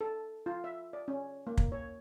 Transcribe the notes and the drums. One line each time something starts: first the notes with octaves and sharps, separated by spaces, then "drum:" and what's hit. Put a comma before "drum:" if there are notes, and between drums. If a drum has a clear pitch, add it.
A4
F4
E5
D5
C#4
A#3
drum: kick
C#5